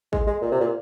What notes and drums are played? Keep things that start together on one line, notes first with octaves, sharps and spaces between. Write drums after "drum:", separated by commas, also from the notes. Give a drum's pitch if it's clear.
G#3, drum: kick G#1
G#3
A#2
C3
A#2